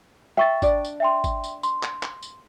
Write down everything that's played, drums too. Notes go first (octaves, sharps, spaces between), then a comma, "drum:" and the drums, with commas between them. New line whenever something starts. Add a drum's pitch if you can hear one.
E5 G5 C#6 A6
D4 D5, drum: kick G#1, tambourine
drum: tambourine
E5 G5 C6
drum: kick G#1, tambourine
drum: tambourine
C6, drum: tambourine
drum: clap
drum: clap
drum: tambourine